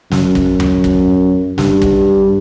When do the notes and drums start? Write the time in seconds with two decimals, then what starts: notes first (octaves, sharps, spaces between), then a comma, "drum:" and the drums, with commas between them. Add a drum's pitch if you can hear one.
0.11 F#2, drum: snare
0.35 drum: kick
0.60 drum: tom D#2
0.84 drum: kick
1.58 G2, drum: snare
1.82 drum: kick